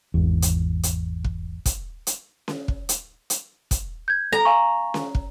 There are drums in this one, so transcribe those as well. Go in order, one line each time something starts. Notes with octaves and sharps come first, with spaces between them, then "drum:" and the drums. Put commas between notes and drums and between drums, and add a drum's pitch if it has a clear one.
G#1 E2
drum: hi-hat
drum: hi-hat
drum: kick
drum: kick, hi-hat
drum: hi-hat
drum: snare C#4
drum: kick
drum: hi-hat
drum: hi-hat
drum: kick, hi-hat
G6 G#6
A4 A#5
F5 G#5 C#6
drum: snare C#4
drum: kick